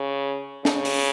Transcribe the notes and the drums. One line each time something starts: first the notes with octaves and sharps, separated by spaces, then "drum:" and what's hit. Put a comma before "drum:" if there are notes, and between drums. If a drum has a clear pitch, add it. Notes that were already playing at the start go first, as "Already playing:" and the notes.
Already playing: C#3
C#3, drum: snare
drum: open hi-hat